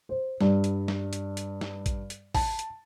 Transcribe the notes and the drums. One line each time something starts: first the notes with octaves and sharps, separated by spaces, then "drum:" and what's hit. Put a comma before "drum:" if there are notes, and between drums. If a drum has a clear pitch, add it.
C5
G2, drum: snare G3
drum: hi-hat
drum: snare G3
drum: hi-hat
drum: hi-hat
drum: snare G3
drum: kick, hi-hat
drum: hi-hat
A5, drum: kick, open hi-hat
drum: hi-hat